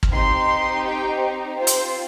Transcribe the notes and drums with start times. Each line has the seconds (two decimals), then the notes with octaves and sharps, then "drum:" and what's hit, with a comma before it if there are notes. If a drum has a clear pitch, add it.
0.03 drum: kick
0.13 C4 D#4 G4 C6
0.85 G5
1.20 C5
1.57 C4 F4 C5
1.67 drum: hi-hat